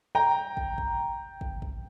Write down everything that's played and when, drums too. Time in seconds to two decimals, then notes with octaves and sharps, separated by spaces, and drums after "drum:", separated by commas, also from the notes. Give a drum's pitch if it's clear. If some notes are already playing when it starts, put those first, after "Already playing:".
0.15 G5 A#5
0.57 drum: kick
0.78 drum: kick
1.41 drum: kick
1.62 drum: kick